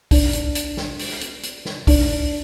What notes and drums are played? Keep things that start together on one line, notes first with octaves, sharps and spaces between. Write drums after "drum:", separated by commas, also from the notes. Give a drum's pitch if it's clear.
D4, drum: kick, open hi-hat
drum: hi-hat
drum: hi-hat
drum: snare
drum: open hi-hat
drum: hi-hat
drum: hi-hat
drum: snare
D4, drum: kick, open hi-hat